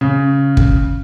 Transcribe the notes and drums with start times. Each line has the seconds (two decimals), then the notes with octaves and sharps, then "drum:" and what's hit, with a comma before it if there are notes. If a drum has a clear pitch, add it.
0.01 C#3
0.57 drum: kick